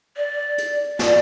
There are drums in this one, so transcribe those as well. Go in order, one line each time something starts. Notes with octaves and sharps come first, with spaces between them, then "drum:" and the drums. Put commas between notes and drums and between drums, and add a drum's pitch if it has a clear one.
D5
drum: hi-hat
D5, drum: snare